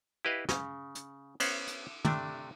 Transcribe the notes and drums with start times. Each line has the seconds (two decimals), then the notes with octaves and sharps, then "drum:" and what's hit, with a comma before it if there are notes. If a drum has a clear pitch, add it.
0.25 E4 G4 B4 D#5 F5
0.49 C#3, drum: snare
0.95 drum: hi-hat
1.40 B3 C#4 C5 F#5, drum: cymbal
1.67 drum: hi-hat
2.05 C3 A3 D4, drum: tom